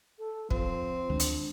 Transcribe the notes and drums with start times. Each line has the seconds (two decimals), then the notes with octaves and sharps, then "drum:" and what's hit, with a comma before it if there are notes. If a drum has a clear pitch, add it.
0.19 A4
0.51 F3 C4, drum: kick
1.10 D2 D#3 G#3 D4
1.20 drum: hi-hat